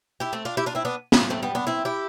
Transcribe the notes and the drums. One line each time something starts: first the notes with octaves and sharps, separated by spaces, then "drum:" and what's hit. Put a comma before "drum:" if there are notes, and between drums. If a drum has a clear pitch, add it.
E4 G4
A3 C4
D4 F4
E4 G4
D4 F4
C4 E4
B3 D4
drum: snare
A3 C4
G3 B3
B3 D4
C4 E4
E4 G4